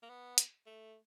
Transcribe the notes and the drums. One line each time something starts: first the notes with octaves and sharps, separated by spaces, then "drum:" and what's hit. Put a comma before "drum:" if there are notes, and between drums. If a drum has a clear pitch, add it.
A#3
B3
drum: hi-hat
A3